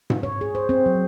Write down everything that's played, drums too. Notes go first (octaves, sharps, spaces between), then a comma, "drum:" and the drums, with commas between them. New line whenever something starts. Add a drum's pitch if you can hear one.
drum: tom G#2
C#5
G#4
C5
C4
F#3